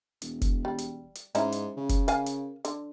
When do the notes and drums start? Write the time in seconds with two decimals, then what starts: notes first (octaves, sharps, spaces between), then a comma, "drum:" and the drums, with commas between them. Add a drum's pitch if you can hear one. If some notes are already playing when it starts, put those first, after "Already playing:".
0.22 E1, drum: hi-hat
0.41 drum: kick, hi-hat
0.65 G3
0.78 drum: hi-hat
1.15 drum: hi-hat
1.35 G#2 C#4 D#4 E4, drum: hi-hat
1.52 drum: hi-hat
1.77 C#3
1.89 drum: kick, hi-hat
2.08 A#4 F5 G#5, drum: hi-hat
2.26 drum: hi-hat
2.65 D3, drum: hi-hat